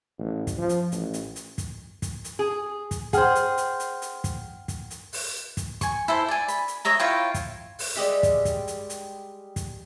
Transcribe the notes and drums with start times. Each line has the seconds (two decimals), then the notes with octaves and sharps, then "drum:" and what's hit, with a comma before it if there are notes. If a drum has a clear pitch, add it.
0.19 A1
0.47 drum: kick, hi-hat
0.57 F3
0.69 drum: hi-hat
0.92 A1, drum: hi-hat
1.14 drum: hi-hat
1.36 drum: hi-hat
1.58 drum: kick, hi-hat
2.02 drum: kick, hi-hat
2.24 drum: hi-hat
2.39 G#4
2.91 drum: kick, hi-hat
3.13 G#4 C5 F#5 G5 F6, drum: kick, hi-hat
3.35 drum: hi-hat
3.57 drum: hi-hat
3.80 drum: hi-hat
4.02 drum: hi-hat
4.24 drum: kick, hi-hat
4.68 drum: kick, hi-hat
4.90 drum: hi-hat
5.13 drum: open hi-hat
5.57 drum: kick, hi-hat
5.81 G#5 C#6, drum: kick, hi-hat
6.08 E4 A4 C5
6.28 D5 G#5
6.48 B5, drum: hi-hat
6.68 drum: hi-hat
6.85 C#5 D#5 E5 A#5
7.00 E4 F4 C#5 G5
7.34 drum: kick, hi-hat
7.79 drum: open hi-hat
7.95 G3 G#3 G4 E5
8.23 drum: kick, hi-hat
8.45 drum: kick, hi-hat
8.67 drum: hi-hat
8.90 drum: hi-hat
9.56 drum: kick, hi-hat